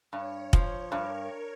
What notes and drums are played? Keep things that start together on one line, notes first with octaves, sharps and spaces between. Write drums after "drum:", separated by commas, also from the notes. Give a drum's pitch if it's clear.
G2 C#5
F3, drum: kick
G2 A#4